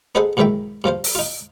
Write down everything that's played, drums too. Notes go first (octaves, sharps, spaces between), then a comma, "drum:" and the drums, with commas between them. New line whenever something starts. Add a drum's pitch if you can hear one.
B3 D#4 G#4 A4 C5 F#5
B1 G#2 D#3 E3 E5 G5
G2 F3 F4 C5
drum: open hi-hat
D#4 F4